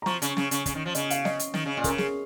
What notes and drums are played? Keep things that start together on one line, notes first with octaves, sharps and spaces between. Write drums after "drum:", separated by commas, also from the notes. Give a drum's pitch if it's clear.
A#5
F3 C#6, drum: snare
C#3, drum: hi-hat
C#3, drum: snare
C#3, drum: hi-hat
C#3, drum: kick, hi-hat
D#3
F3
C#3 D#5, drum: hi-hat
F5, drum: hi-hat
D#5, drum: snare
drum: hi-hat
D#3, drum: snare
C#3
A#2
A#4, drum: kick, hi-hat
C#3
G#4, drum: snare